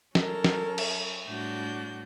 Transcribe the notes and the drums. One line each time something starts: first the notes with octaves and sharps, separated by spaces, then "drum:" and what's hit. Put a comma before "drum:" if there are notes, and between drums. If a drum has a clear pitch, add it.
F#3 C#4 A4 A#4, drum: snare
drum: snare
drum: cymbal
A2 G3 D4 F#4 G6